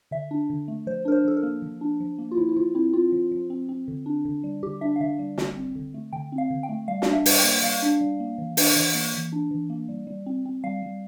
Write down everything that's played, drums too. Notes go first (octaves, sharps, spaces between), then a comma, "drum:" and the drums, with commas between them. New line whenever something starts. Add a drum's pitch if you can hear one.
D3 E5
D4
D3
A3
F3 C5
D4 A#4
C5
F3 A4
A#4
A#3
F3
D4
F3
A#3
F4
F3 E4
E4
F3 F4
C4 E4
C4 F4
F3
F3
C4
C4
D3
D4
D3
G3
D3 G4
D4 E5
F5
D3 E5
G3
D3, drum: snare
C4
D3
A3
D3 G5
C4
F5
D3
G5
A3
G3 F5
F5, drum: snare
D4
E5
G3, drum: open hi-hat
G5
A#3
G3 F5
D4
G3
A#3
E3
D4, drum: open hi-hat
E3
A#3
E3
D4
E3
A#3
G3
G3
C4
C4
G3 F5
G3